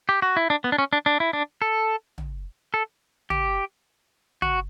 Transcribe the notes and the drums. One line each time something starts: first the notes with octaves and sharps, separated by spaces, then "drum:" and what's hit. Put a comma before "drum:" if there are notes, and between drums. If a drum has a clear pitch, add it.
G4
F#4
E4
D4
B3
D4
C#4
D4
D4
E4
D4
A4
drum: tom
A4
G4, drum: tom
F#4, drum: tom